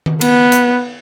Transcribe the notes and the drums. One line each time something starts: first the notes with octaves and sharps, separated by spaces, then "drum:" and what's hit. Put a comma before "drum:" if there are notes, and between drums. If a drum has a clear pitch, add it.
drum: tom D#3
B3, drum: cymbal
drum: hi-hat